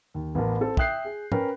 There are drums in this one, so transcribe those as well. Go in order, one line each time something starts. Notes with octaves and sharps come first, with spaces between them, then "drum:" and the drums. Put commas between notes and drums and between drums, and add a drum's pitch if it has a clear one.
D#2
A1 E3 B3 A#4 A5
C4 A4
E5 G5 D#6 F#6 G6 C7, drum: kick
G#4
C#4 A#4 B4 G5, drum: tom